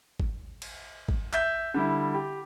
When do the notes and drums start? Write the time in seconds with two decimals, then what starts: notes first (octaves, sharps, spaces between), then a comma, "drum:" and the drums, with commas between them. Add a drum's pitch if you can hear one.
0.20 drum: kick G#1
0.62 drum: cymbal
1.09 drum: kick G#1
1.33 E5 G6, drum: clap
1.74 D3 G3 E4
2.14 G4